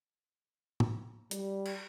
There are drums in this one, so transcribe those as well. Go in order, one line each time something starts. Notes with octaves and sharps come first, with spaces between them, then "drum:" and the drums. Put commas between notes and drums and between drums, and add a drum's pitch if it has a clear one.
drum: tom
G3, drum: hi-hat
drum: cymbal